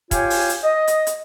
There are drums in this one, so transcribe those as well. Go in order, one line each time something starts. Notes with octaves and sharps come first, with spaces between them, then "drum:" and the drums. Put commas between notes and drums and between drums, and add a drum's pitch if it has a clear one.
F4 G4 C#5 F5 G5 G#5, drum: kick E1, hi-hat
drum: open hi-hat
drum: hi-hat
D#5
drum: hi-hat
drum: hi-hat